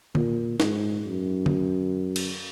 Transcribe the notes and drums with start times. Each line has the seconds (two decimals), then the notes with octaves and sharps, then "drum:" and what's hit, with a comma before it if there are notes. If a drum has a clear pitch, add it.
0.15 A#2, drum: tom D3
0.60 G#2, drum: snare
1.06 F#2
1.46 drum: tom D3
2.16 drum: cymbal